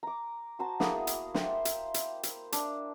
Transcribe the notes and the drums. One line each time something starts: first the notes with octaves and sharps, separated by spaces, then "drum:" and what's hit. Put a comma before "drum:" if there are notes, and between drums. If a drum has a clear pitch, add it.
A#5 D6
F#4 C5 A5 A#5
A#3 B3 E4 G#4, drum: snare
drum: hi-hat
C5 E5 G5 C6, drum: snare
drum: hi-hat
drum: hi-hat
drum: hi-hat
D4, drum: hi-hat